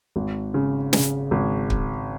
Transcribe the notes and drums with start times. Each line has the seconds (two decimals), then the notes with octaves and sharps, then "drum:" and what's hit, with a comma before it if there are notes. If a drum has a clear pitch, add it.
0.16 G#1
0.54 C#3
0.93 C#3, drum: snare
1.31 G#1
1.70 drum: kick